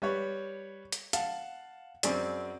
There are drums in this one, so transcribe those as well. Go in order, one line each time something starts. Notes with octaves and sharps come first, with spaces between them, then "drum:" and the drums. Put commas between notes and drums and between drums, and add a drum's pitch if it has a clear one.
G3 B4 C#5
drum: hi-hat
F5 F#5 A5, drum: hi-hat
F#2 C4 G#4 D5, drum: hi-hat